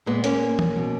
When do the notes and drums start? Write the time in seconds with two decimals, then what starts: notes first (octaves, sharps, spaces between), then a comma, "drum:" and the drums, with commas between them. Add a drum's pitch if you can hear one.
0.06 A#2 G#3 B3
0.24 A#3 C#4, drum: hi-hat
0.59 drum: tom
0.76 B2